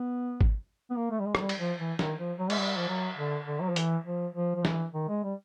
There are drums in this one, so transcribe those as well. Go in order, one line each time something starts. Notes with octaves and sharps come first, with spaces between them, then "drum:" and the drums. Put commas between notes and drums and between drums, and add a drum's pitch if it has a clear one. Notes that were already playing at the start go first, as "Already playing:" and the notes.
Already playing: B3
drum: kick G#1
B3
A#3
A3
G3
G#3
F#3, drum: rim click
G3
drum: cymbal
F3
E3
D#3, drum: snare
F3
F#3
G#3, drum: cymbal
G3
F3
F#3
D3
D3
F#3
F3
E3, drum: hi-hat
F3
F3
F3
E3, drum: snare
D#3
G#3
G3